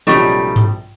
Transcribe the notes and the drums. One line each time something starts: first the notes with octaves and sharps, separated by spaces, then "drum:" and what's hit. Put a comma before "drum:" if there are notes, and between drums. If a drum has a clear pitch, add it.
A#1 C3 F#3 G3 A3 D#4
drum: tom G#2